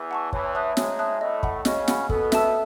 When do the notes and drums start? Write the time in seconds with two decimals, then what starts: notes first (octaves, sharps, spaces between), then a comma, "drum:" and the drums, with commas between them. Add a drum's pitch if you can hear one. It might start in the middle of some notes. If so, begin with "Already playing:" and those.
Already playing: E2 E3
0.11 F#5 A5 C#6
0.33 E2 E3 C#5, drum: kick
0.55 E5 A5 D#6 F#6
0.77 G#2 G#3 C#5, drum: snare
0.99 E5 A5 D#6 F#6
1.21 A2 A3 D#5
1.43 F#5 B5, drum: kick
1.65 C#3 C#4 D#5, drum: snare
1.88 F#5 B5, drum: snare
2.09 B2 B3 A4, drum: kick
2.32 E5 A5 E6, drum: snare